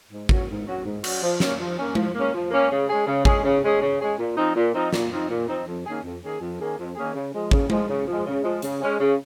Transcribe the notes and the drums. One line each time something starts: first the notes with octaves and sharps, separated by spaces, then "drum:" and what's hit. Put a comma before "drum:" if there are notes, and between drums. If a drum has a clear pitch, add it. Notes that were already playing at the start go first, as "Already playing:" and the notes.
G#2
F#3 C#4 F#4, drum: kick
G#2
F#3 C#4 F#4
G#2
F#3 C#4 F#4, drum: cymbal
F3
A#3 C#4, drum: snare
F3
A#3 C#4
F3, drum: tom G#3
A#3 C#4
F3
A#3 C#4
C#3
G#3 C#4 G#4
C#3
G#3 C#4 G#4, drum: kick
C#3
G#3 C#4 G#4
C#3
G#3 C#4 G#4
A#2
F3 C4 D#4
A#2
F3 C4 D#4
A#2, drum: snare
F3 C4 D#4
A#2
F3 C4 D#4
F2
D#3 A#3 C#4 G#4
F2
D#3 A#3 C#4 G#4
F2
D#3 A#3 C#4 G#4
F2
D#3 A#3 C#4 G#4
C#3
F3 G#3
C#3, drum: kick
F3 G#3, drum: tom G#3
C#3
F3 G#3
C#3
F3 G#3
C#3, drum: hi-hat
G#3 C#4
C#3